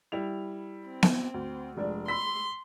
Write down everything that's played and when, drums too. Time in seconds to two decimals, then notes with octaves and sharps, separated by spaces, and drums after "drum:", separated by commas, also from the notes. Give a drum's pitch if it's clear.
0.12 G3 E4 F7
0.87 C4
1.03 drum: snare B3
1.34 D2
1.77 F1 G#3 D4 D5
2.08 B5 C6 E6 B6